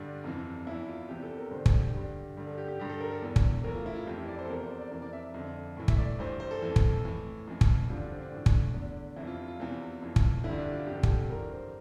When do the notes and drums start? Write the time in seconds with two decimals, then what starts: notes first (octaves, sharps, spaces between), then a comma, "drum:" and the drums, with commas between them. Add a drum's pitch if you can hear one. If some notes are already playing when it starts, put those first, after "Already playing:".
Already playing: G2 D3 D4
0.24 F2 C3 E3
0.66 E2 E3 E4
0.88 F4
1.09 E2 C3 E3 G4
1.23 A4
1.37 A#4
1.51 G2 D3 C5
1.66 D5, drum: kick
1.80 G4
1.94 G2 D3
2.37 G2 D3
2.47 A4
2.58 G4
2.68 G4
2.79 G2 D3 G4
2.90 A4
3.00 A#4
3.11 A4
3.22 E2 E3
3.36 drum: kick
3.64 A2 E3 A#4
3.75 F4
3.86 E4
3.96 F4
4.06 F2 E3 G4
4.18 E4
4.28 D5
4.39 C5
4.45 A4
4.50 E2 C3 E3 A#4
4.60 C5
4.70 D5
4.81 D5
4.91 F2 C3 E3 A#4
5.02 D5
5.13 E5
5.24 E5
5.34 F2 D3
5.77 A2 E3
5.88 E5, drum: kick
5.98 D5
6.19 G2 E3 C5
6.40 C5
6.51 A4
6.62 F2 E3
6.76 drum: kick
7.05 A2 E3
7.47 F2 E3
7.61 drum: kick
7.90 G2 D3 F4
8.00 D4
8.10 C4
8.22 D4
8.32 A2 E3
8.46 drum: kick
8.74 E2 D3
9.16 F2 C3 E3 E4
9.27 F4
9.48 F4
9.60 E2 C3 E3
10.02 F2 E3
10.16 drum: kick
10.44 D3 E4
10.49 G2
10.58 D4
10.73 F4
10.87 F2 D3 G4
10.96 A4
11.03 G4, drum: kick
11.29 G2 E3 A#4
11.51 C5